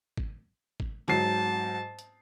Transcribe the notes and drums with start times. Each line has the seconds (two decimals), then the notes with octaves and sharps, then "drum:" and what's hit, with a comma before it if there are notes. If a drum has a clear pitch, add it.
0.17 drum: kick G#1
0.80 drum: kick G#1
1.08 G#2 F#3 A5 C7, drum: tom
1.99 drum: hi-hat